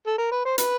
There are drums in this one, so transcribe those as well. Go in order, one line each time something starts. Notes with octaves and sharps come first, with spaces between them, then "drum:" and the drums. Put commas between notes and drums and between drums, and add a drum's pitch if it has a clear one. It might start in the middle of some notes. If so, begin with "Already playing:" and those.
A4
A#4
B4
C5
B4, drum: hi-hat